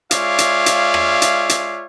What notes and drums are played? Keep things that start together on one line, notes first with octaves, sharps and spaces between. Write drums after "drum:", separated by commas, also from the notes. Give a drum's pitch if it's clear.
G#3 F4 C#5 D5 E5 F5, drum: hi-hat
drum: hi-hat
drum: hi-hat
drum: rim click
drum: hi-hat
drum: hi-hat